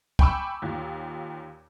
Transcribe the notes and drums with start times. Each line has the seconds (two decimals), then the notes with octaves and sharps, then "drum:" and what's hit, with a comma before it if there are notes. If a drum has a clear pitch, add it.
0.19 G5 G#5 B5 C#6 D6 E6, drum: kick
0.62 D#2 A#2